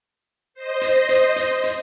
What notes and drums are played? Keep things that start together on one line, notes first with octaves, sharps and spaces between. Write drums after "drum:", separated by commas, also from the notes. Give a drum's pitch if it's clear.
C5 D#5
drum: hi-hat
drum: hi-hat
drum: hi-hat
drum: hi-hat